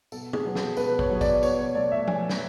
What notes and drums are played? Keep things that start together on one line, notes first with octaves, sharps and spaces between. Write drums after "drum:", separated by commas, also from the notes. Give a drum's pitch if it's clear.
B2 A4, drum: tambourine
G#4, drum: tom
F#3 B3
A4, drum: snare
B2 B4, drum: tambourine
C#5, drum: kick
F#3 B3
D5, drum: kick, tambourine
B2 C#5, drum: tambourine
C#5
A3 D5
E5
B2 G#5, drum: tom
drum: snare